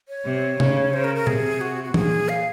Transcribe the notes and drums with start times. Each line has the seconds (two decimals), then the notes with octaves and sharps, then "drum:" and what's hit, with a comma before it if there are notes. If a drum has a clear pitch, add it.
0.08 C#5
0.25 C3
0.60 C#3, drum: tom C3
0.93 C#3 C5
1.04 A#4
1.16 A#4
1.27 C3 G#4, drum: tom A#2
1.61 F#4
1.84 F#4
1.94 A#2 G#4, drum: tom
2.29 F5